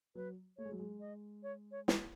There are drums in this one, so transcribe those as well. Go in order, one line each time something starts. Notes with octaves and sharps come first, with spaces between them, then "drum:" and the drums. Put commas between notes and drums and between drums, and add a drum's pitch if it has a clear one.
F#3 B4
A3 C#5
G#3
F#3
G#3
D#5
C#5
C#5
drum: snare